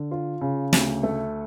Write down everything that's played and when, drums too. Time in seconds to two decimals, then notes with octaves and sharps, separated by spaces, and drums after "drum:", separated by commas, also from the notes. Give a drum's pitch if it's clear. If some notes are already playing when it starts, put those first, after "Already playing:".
Already playing: D3
0.11 F4
0.41 C#3
0.73 D2, drum: snare
1.03 A3